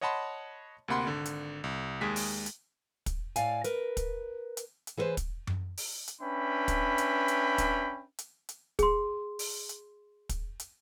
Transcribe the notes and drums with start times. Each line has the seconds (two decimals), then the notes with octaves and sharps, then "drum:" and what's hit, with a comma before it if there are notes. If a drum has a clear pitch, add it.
0.01 C#5 D#5 F#5 A5 B5 C6
0.88 D2 C3 A#3 F#5 B5 C6
1.07 G#1 D3
1.25 drum: hi-hat
1.64 C2
2.01 D#2 G#3 G#4 B6
2.16 drum: open hi-hat
2.46 drum: hi-hat
3.06 drum: kick, hi-hat
3.36 A2 D5 F5 G#5, drum: hi-hat
3.64 A#4 B4, drum: hi-hat
3.97 drum: kick, hi-hat
4.57 drum: hi-hat
4.87 drum: hi-hat
4.97 E3 G#4 A4 B4 C5
5.17 drum: kick, hi-hat
5.47 drum: tom F#2
5.77 drum: open hi-hat
6.08 drum: hi-hat
6.22 C#4 D4 B4 E5 G5 B5
6.68 drum: kick, hi-hat
6.98 drum: hi-hat
7.28 drum: hi-hat
7.58 drum: kick, hi-hat
8.18 drum: hi-hat
8.49 drum: hi-hat
8.79 G#4 C6, drum: kick, hi-hat
9.39 drum: open hi-hat
9.69 drum: hi-hat
10.29 drum: kick, hi-hat
10.60 drum: hi-hat